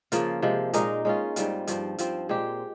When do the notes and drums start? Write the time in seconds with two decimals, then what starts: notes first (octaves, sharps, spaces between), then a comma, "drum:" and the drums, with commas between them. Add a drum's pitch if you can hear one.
0.12 C#3 F3 A#3 F4, drum: hi-hat
0.42 C3 F3 G#3
0.73 A#2 G#3 D#4 A#4, drum: hi-hat
1.05 G#3 C#4 F4
1.36 G#2 G3 C4 F4, drum: hi-hat
1.67 G2 F3 C4, drum: hi-hat
1.98 G2 F3 C4, drum: hi-hat
2.29 A#2 G#3 C4 G4